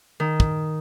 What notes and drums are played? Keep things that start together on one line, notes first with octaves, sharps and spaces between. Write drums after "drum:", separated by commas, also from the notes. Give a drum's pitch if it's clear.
D#3
drum: kick